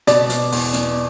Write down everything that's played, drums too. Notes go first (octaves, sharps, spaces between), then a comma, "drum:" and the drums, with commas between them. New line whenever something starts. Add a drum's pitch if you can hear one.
B2 D5, drum: hi-hat
drum: hi-hat
E2, drum: open hi-hat
drum: hi-hat